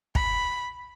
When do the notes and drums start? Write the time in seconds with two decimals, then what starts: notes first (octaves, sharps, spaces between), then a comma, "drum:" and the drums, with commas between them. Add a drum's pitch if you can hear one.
0.15 B5, drum: kick